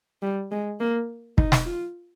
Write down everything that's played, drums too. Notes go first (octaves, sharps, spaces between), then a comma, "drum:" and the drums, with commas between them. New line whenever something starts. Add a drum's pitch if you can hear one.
G3
G#3
A#3
D#4, drum: kick
drum: snare
F4